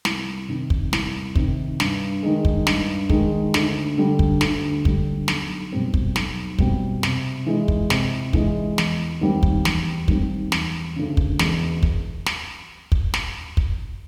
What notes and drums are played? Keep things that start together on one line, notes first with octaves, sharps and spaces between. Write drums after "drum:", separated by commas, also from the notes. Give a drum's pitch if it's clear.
C2, drum: snare
C3 D#3
drum: kick
C2, drum: snare
C3 D#3, drum: kick
G2, drum: snare
D#3 G#3
drum: kick
G2, drum: snare
D#3 G#3, drum: kick
D2, drum: snare
D3 G3
drum: kick
D2, drum: snare
D3 G3, drum: kick
B1, drum: snare
B2 G3 C4
drum: kick
B1, drum: snare
B2 G3 C4, drum: kick
C3, drum: snare
E3 G#3
drum: kick
C3, drum: snare
E3 G#3, drum: kick
E1, drum: snare
D#2 D#3 G3 C4
drum: kick
E1, drum: snare
D#2 D#3 G3 C4, drum: kick
E1, drum: snare
D2 C#3
drum: kick
E1, drum: snare
drum: kick
drum: snare
drum: kick
drum: snare
drum: kick